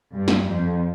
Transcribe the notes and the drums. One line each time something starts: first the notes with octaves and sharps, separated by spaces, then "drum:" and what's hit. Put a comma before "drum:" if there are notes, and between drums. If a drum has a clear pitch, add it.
G2
drum: snare
F2